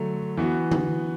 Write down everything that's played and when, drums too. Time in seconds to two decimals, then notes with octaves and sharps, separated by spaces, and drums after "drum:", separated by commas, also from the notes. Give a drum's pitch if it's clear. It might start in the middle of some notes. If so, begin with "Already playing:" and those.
Already playing: D3 F#3 A3
0.37 E3 B3 F#4
0.71 drum: tom